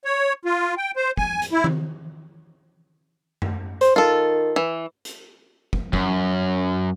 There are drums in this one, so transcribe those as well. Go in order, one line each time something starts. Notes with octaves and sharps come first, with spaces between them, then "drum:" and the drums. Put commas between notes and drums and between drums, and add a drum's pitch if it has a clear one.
C#5
F4
G5
C5
G#5, drum: kick
drum: hi-hat
E4
drum: tom D#3
drum: tom F#2
C5, drum: hi-hat
D#3 F4 A4
E3
drum: hi-hat
drum: kick
F#2, drum: kick